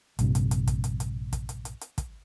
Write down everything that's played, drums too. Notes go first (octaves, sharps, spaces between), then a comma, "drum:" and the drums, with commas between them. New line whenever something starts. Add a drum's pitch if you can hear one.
A#1 G2 C3, drum: hi-hat
drum: hi-hat
drum: hi-hat
drum: kick, hi-hat
drum: hi-hat
drum: hi-hat
drum: kick, hi-hat
drum: hi-hat
drum: hi-hat
drum: hi-hat
drum: kick, hi-hat